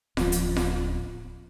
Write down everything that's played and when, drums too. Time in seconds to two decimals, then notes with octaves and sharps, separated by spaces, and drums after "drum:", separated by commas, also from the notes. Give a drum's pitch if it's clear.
0.17 D1 F3, drum: snare F4
0.32 drum: hi-hat
0.57 drum: snare F4